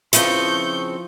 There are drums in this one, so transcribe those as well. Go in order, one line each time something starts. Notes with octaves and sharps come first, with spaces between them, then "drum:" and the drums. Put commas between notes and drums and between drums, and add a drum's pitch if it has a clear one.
C#3 F3 C4 E4 B4 C#6 G6, drum: hi-hat